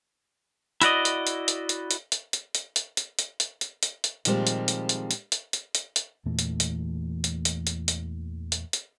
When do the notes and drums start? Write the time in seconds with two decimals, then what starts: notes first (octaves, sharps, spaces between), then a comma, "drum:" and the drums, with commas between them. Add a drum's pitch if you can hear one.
0.82 E4 F#4 D5 D#5, drum: hi-hat
1.05 drum: hi-hat
1.27 drum: hi-hat
1.48 drum: hi-hat
1.69 drum: hi-hat
1.91 drum: hi-hat
2.12 drum: hi-hat
2.33 drum: hi-hat
2.55 drum: hi-hat
2.76 drum: hi-hat
2.97 drum: hi-hat
3.19 drum: hi-hat
3.40 drum: hi-hat
3.61 drum: hi-hat
3.83 drum: hi-hat
4.04 drum: hi-hat
4.25 A#2 D#3 F3 G3 G#3 C4, drum: hi-hat
4.47 drum: hi-hat
4.68 drum: hi-hat
4.89 drum: hi-hat
5.11 drum: hi-hat
5.32 drum: hi-hat
5.53 drum: hi-hat
5.75 drum: hi-hat
5.96 drum: hi-hat
6.26 E2 A#2 E3 A3
6.39 drum: hi-hat
6.60 drum: hi-hat
7.24 drum: hi-hat
7.45 drum: hi-hat
7.67 drum: hi-hat
7.88 drum: hi-hat
8.52 drum: hi-hat
8.73 drum: hi-hat